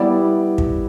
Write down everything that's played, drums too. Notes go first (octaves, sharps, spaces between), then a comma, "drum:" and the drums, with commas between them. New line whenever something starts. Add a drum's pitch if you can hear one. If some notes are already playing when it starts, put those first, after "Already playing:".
Already playing: G3 B3 E4 D5
drum: kick